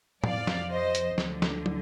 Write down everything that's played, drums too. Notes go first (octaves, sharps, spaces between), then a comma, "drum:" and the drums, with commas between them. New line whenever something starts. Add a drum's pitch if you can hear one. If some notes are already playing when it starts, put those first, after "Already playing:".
F2 C3 F3 D5 F5, drum: tom
drum: snare
C5 D#5
drum: hi-hat
D2 D3 F3, drum: snare
drum: snare
drum: tom